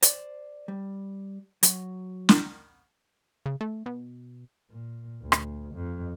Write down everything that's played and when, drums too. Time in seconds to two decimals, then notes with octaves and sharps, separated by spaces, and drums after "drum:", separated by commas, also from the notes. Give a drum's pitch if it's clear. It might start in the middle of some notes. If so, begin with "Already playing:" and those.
0.03 C5 D5, drum: hi-hat
0.68 G3
1.63 F#3, drum: hi-hat
2.29 drum: snare
3.46 C#3
3.61 A3
3.86 B2
4.70 A#2
5.22 D2
5.32 drum: rim click
5.75 F2